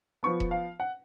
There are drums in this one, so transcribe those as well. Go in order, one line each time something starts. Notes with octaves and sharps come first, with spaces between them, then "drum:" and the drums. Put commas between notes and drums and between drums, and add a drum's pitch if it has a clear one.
F3 B3 C#6
drum: kick E1
F5
F#5